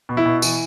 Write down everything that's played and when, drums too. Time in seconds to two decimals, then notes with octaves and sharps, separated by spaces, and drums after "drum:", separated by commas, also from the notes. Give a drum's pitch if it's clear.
0.09 B2
0.17 E4
0.25 B2
0.42 E3, drum: tambourine